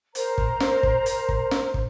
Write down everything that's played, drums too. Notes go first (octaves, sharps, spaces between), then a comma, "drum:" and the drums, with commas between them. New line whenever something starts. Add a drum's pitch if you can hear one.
A#4 C5 A#5, drum: hi-hat
drum: kick
drum: snare
drum: kick
drum: hi-hat
drum: kick
drum: snare
drum: kick